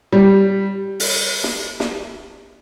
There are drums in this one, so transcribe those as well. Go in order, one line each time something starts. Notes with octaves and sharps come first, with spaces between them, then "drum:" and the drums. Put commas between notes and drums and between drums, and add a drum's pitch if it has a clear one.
G3
drum: open hi-hat
drum: snare
drum: snare